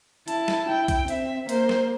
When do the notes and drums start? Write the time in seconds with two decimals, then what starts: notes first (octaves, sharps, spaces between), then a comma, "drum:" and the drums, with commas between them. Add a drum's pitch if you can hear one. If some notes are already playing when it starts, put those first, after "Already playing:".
0.28 E4 A5, drum: hi-hat
0.48 drum: snare
0.68 E4 G5
0.88 drum: kick B1, hi-hat
1.08 C4 E5, drum: hi-hat
1.49 A#3 C5, drum: hi-hat
1.69 drum: snare